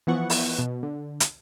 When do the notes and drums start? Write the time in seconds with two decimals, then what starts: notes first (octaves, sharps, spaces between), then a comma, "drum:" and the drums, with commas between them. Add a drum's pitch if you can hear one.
0.07 E3 F3 B3 F#5 C#6
0.30 drum: open hi-hat
0.59 B2
0.83 D3
1.20 drum: hi-hat